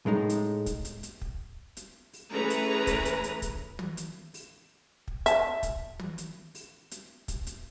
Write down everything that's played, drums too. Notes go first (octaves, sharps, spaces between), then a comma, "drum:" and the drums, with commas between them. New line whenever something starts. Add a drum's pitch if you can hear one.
A2 G#3 D#4
drum: hi-hat
drum: kick, hi-hat
drum: hi-hat
drum: hi-hat
drum: kick
drum: hi-hat
drum: open hi-hat
E3 A3 C#4 G#4 B4 A#5
drum: hi-hat
drum: kick, hi-hat
drum: hi-hat
drum: hi-hat
drum: kick, hi-hat
drum: tom
drum: hi-hat
drum: open hi-hat
drum: kick
E5 A5, drum: hi-hat
drum: kick, hi-hat
drum: tom
drum: hi-hat
drum: open hi-hat
drum: hi-hat
drum: kick, hi-hat
drum: hi-hat